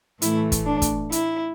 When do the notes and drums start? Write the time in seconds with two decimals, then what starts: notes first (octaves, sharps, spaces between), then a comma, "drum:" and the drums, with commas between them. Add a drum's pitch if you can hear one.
0.22 A2 E3 A3 E4, drum: hi-hat
0.52 drum: kick, hi-hat
0.66 D4
0.82 drum: kick, hi-hat
1.12 E4, drum: hi-hat